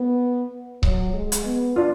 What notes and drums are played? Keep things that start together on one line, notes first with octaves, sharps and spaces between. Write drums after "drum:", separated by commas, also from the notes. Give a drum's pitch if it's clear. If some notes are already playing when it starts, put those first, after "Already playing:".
Already playing: B3
F#3, drum: kick C#1
G#3
drum: hi-hat
B3
D4 F4